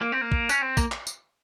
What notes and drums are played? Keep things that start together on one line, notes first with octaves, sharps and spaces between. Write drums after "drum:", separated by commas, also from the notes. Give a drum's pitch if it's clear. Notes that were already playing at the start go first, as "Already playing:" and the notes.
A#3
C4
A#3
drum: kick
C#4, drum: tambourine
C4
A#3, drum: kick, tambourine
drum: clap
drum: tambourine